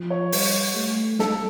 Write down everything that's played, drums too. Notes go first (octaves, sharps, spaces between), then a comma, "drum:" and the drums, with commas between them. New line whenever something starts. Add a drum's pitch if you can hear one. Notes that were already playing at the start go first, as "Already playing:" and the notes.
Already playing: F3
C#5
G3, drum: open hi-hat
A3
G3 A4, drum: snare